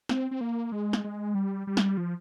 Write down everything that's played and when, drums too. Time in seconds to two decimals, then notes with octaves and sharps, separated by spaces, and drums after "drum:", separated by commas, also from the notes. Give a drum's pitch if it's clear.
0.09 C4, drum: snare
0.31 C4
0.41 A#3
0.72 G#3
0.93 drum: snare
1.04 G#3
1.35 G3
1.67 G3
1.77 drum: snare
1.97 F3